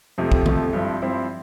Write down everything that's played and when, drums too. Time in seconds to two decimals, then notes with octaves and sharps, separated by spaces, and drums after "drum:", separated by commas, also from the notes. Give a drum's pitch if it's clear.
0.18 F2 C3 F3 A3
0.32 drum: kick
0.46 F2 C3 F3 A3, drum: tom D3
0.73 G2 F3 C4 E4
1.02 G2 F3 C4 E4